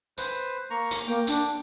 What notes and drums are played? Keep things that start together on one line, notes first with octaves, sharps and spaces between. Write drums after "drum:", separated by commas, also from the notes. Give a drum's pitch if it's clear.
B4 C5, drum: tambourine
A#3 A#5 C#6
drum: tambourine
A#3 G5
D4, drum: tambourine